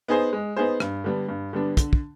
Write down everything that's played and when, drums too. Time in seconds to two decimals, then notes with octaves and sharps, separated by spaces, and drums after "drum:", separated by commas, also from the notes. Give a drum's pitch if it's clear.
0.08 B3 D#4 G#4 C5
0.33 G#3
0.56 B3 D#4 G#4 C5
0.80 G2, drum: rim click
1.04 D3 G3 B3 D4
1.29 G2
1.53 D3 G3 B3 D4
1.77 D3, drum: kick, hi-hat
1.93 drum: kick